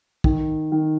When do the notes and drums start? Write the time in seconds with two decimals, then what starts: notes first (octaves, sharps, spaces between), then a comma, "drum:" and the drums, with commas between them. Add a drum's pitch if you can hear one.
0.24 D#3, drum: kick
0.72 D#3